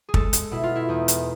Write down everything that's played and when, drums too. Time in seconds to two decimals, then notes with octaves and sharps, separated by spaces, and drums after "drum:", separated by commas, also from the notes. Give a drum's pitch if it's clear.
0.09 G#4
0.14 G#3 A4, drum: kick
0.33 drum: hi-hat
0.51 B2 E4
0.63 F4
0.76 E4
0.89 E2 D#4
1.08 drum: hi-hat